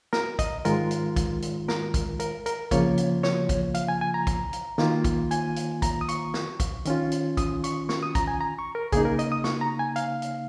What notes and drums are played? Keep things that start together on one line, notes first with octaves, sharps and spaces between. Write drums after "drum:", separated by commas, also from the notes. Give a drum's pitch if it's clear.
A#4, drum: snare
D#5, drum: kick, hi-hat
G#2 D#3 G#3 F4 A#4, drum: hi-hat
drum: hi-hat
drum: kick, hi-hat
drum: hi-hat
A#4, drum: snare
drum: kick, hi-hat
A#4, drum: hi-hat
A#4, drum: hi-hat
C#3 F3 A#3 F4 C#5, drum: kick, hi-hat
drum: hi-hat
C#5, drum: snare
drum: kick, hi-hat
F5, drum: hi-hat
G#5
G#5
A#5
drum: kick, hi-hat
drum: hi-hat
D#3 A#3 F4, drum: snare
drum: kick, hi-hat
G#5, drum: hi-hat
drum: hi-hat
A#5, drum: kick, hi-hat
D#6
C#6, drum: hi-hat
drum: snare
drum: kick, hi-hat
D#3 C#4 F4, drum: hi-hat
drum: hi-hat
D#6, drum: kick, hi-hat
C#6, drum: hi-hat
C#6, drum: snare
D#6
A#5, drum: kick, hi-hat
G#5
A#5
C#6
A#4
C#3 A#3 D#4 G#4, drum: kick, hi-hat
A#4
D#5, drum: hi-hat
D#6
C#6, drum: snare
A#5
G#5
F5, drum: hi-hat
drum: hi-hat